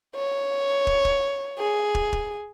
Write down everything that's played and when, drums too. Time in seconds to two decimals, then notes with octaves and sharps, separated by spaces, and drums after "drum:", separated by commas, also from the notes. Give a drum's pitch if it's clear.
0.15 C#5
0.87 drum: kick
1.05 drum: kick
1.59 G#4
1.95 drum: kick
2.13 drum: kick